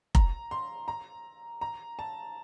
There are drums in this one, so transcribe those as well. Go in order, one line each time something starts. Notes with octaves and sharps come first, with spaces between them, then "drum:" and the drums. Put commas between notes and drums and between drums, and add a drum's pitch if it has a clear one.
A#5, drum: kick F1
C6
A#5
A#5
A5